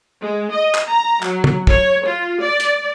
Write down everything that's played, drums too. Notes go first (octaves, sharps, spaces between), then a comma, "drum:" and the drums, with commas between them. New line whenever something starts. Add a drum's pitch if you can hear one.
G#3
D#5
drum: clap
A#5
F#3, drum: clap
drum: tom
C#5, drum: kick
F4
D5
drum: hi-hat